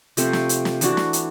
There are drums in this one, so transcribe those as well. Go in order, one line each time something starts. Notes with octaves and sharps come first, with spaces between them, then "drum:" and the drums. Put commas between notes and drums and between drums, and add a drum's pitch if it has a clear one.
C3 F3 A3 C4, drum: hi-hat
drum: snare
drum: hi-hat
drum: snare
E3 A3 D4 F#4, drum: hi-hat
drum: snare
drum: hi-hat